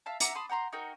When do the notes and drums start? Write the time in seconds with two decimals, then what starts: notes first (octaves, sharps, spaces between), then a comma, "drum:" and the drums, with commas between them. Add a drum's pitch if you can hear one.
0.06 E5 F5 A5
0.20 E5 F#5 A#5 D6, drum: hi-hat
0.35 A5 B5 C6 D#6
0.49 F#5 G5 A#5 C6
0.72 D#4 F#4 A#4 G5